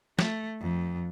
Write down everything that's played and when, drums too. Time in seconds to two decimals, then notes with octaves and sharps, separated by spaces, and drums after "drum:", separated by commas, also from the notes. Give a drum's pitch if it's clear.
0.19 A3, drum: snare
0.61 F2